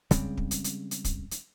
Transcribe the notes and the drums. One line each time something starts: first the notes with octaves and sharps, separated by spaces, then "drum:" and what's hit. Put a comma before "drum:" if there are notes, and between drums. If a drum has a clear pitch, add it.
C#3 G3 G#3 C4, drum: kick, hi-hat
drum: kick
drum: hi-hat
drum: hi-hat
drum: hi-hat
drum: kick, hi-hat
drum: hi-hat